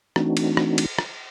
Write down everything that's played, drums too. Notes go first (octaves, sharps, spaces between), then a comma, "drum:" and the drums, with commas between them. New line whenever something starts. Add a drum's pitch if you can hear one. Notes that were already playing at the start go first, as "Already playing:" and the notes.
E3 A3 C4 D4 D#4 F#4, drum: rim click
drum: cymbal
drum: rim click
drum: cymbal
drum: rim click